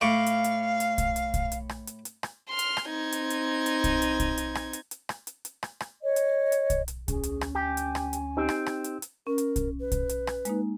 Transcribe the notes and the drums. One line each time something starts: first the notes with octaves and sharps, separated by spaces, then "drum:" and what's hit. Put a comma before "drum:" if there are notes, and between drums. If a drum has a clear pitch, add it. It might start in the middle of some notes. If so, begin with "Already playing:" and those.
A2 F5 C#6 D6
drum: hi-hat
drum: hi-hat
drum: hi-hat
drum: kick B1, hi-hat
drum: hi-hat
drum: kick B1, hi-hat
drum: hi-hat
drum: rim click
drum: hi-hat
drum: hi-hat
drum: rim click
C6 F6
drum: hi-hat
drum: rim click
C4 D#4 G#6
drum: hi-hat
drum: hi-hat
drum: hi-hat
drum: kick B1, hi-hat
drum: hi-hat
drum: kick B1, hi-hat
drum: hi-hat
drum: rim click
drum: hi-hat
drum: hi-hat
drum: rim click
drum: hi-hat
drum: hi-hat
drum: rim click
drum: rim click
C#5 D#5
drum: hi-hat
drum: hi-hat
drum: kick B1, hi-hat
drum: hi-hat
D2 C#4 G#4, drum: kick B1, hi-hat
drum: hi-hat
drum: rim click
G4 G#5
drum: hi-hat
drum: rim click
drum: hi-hat
C4 D#4 G4
drum: rim click
drum: rim click
drum: hi-hat
drum: hi-hat
C#4 A#4
drum: hi-hat
drum: kick B1, hi-hat
B4
drum: kick B1, hi-hat
drum: hi-hat
drum: rim click
G#3 A#3 D#4, drum: hi-hat